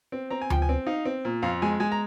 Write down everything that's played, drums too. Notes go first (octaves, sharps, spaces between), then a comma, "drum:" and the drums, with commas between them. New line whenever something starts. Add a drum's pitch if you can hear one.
C4
C4 A#5
G#5
F3 G5, drum: tom D2
G#5
C4
D#4 F5
C4
A#2
F2 F5
G#3 G#5
G#3 G#5
A#5